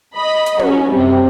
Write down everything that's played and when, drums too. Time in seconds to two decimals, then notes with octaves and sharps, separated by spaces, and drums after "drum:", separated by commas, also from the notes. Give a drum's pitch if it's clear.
0.16 D#5 B5
0.46 drum: hi-hat
0.59 F#3 C#4, drum: tom
0.90 F#2 C3 G3